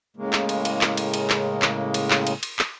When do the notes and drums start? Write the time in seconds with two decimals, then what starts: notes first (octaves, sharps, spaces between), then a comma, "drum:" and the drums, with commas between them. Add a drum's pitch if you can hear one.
0.17 A2 C#3 G#3 A#3
0.33 drum: clap
0.49 drum: cymbal
0.65 drum: cymbal
0.81 drum: clap
0.97 drum: cymbal
1.14 drum: cymbal
1.30 drum: clap
1.62 drum: clap
1.94 drum: cymbal
2.10 drum: clap
2.27 drum: cymbal
2.43 drum: cymbal
2.59 drum: clap